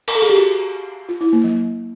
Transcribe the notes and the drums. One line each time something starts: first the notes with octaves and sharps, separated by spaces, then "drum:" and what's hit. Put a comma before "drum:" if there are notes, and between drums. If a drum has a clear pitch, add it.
A#4, drum: cymbal
A4
G#4
G4
F#4
F4
E4
A#3
F#3